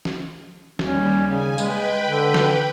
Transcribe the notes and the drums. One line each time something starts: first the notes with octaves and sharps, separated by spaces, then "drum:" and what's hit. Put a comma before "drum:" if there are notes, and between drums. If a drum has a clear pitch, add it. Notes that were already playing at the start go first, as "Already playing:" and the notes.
drum: snare
D#2 G3 C#4, drum: snare
C#3 G#5
G#3 B4 G5 B5, drum: tambourine
D3
drum: snare